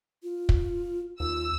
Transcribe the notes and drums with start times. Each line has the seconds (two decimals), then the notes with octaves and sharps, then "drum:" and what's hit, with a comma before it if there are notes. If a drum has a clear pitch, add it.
0.23 F4
0.49 drum: kick
1.20 D#2 F4 E6